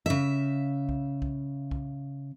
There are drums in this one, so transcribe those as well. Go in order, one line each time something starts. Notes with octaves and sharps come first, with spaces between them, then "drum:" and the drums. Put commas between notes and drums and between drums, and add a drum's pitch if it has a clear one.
C#3 E5
drum: kick
drum: kick
drum: kick